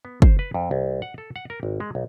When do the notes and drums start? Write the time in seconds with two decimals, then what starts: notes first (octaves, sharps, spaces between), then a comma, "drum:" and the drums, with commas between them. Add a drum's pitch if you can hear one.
0.05 B3
0.22 C5, drum: kick
0.39 B4
0.54 F2
0.71 C2
1.02 F#5
1.18 A4
1.36 F#5
1.50 A#4
1.63 G#1
1.80 G#3
1.95 B1